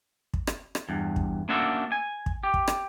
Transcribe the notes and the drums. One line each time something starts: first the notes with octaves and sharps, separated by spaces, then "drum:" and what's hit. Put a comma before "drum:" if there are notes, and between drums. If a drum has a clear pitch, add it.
drum: kick
drum: rim click
drum: rim click
E2 G2
drum: kick
A#3 C#4 D4 F#4 E5
G#5
drum: kick
G4
drum: kick
drum: rim click